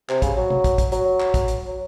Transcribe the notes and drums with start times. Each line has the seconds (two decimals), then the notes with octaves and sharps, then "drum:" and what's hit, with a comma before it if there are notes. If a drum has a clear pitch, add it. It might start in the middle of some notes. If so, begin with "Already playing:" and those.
0.09 C3, drum: clap
0.22 C#3, drum: kick, hi-hat
0.37 F#3
0.50 drum: tom C3
0.64 drum: kick, hi-hat
0.78 drum: kick, hi-hat
0.92 F#3, drum: hi-hat
1.20 drum: clap
1.34 drum: kick, hi-hat
1.48 drum: hi-hat
1.67 F#3